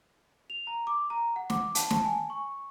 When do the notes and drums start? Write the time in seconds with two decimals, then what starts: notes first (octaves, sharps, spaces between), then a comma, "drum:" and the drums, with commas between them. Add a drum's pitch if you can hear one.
0.50 F7
0.67 A#5
0.87 D6
1.10 A#5
1.36 F#5
1.50 D6, drum: snare
1.75 A5, drum: hi-hat
1.90 A5, drum: snare
2.05 G#5
2.30 C#6